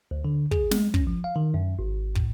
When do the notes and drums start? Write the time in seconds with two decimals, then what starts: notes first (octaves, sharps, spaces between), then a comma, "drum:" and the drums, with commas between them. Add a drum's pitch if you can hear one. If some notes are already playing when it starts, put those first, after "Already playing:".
0.11 D2
0.25 D3
0.51 G#4, drum: kick
0.71 G#3, drum: snare
0.94 C#4, drum: kick
1.07 F3
1.24 F5
1.36 D#3
1.54 F#2
1.79 G#1
2.15 A2, drum: kick